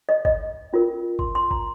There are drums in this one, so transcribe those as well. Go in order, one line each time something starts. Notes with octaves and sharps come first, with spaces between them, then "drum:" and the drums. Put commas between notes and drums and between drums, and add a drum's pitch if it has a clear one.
D#5
D#5, drum: kick G#1
C#4 F4 A#4
C6, drum: kick G#1
C6
A#5, drum: kick G#1